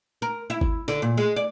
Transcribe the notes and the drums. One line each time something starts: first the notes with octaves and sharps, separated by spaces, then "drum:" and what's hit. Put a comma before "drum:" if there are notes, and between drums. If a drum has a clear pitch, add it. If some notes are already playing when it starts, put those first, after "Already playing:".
A#4
E4
drum: kick G#1
D3, drum: snare
A#2
G#3
D5